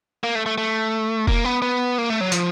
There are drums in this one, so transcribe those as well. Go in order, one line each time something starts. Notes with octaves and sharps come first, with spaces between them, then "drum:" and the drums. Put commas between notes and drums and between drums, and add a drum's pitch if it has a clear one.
A#3
A3
A3
A3
A#3, drum: kick F1
B3
B3
A#3
A3
F#3
F3, drum: hi-hat